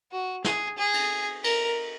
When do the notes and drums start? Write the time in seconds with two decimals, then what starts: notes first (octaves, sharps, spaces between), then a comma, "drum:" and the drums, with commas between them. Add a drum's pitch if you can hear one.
0.12 F#4
0.44 G#4, drum: snare
0.78 G#4
0.94 drum: cymbal
1.44 A#4, drum: cymbal